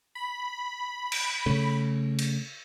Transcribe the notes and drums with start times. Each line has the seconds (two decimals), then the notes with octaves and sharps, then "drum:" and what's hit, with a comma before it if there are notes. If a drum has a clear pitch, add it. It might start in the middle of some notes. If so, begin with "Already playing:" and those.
0.15 B5
1.12 drum: cymbal
1.46 C#3 A3
2.19 drum: cymbal